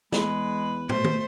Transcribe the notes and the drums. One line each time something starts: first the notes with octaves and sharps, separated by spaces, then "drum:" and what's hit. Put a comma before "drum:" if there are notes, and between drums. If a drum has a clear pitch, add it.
E2 G#3 B4 B5, drum: snare G#4
B2 A3 C5, drum: tom
drum: tom